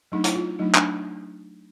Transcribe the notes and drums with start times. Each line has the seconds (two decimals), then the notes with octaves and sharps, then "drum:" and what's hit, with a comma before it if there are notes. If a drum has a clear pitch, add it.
0.12 F#3 A3 D4 D#4
0.24 E4, drum: hi-hat
0.35 F4
0.59 F#3 A3 D4 D#4
0.75 D4, drum: clap